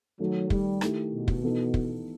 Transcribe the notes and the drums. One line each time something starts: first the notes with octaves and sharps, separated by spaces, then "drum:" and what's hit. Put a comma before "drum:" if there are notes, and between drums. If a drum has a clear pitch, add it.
D#3 F#3 A3 D#4 A4
G3, drum: kick
D#3 A3 E4 G4, drum: rim click
B2
drum: kick
E3 B3 D#4 A4
drum: kick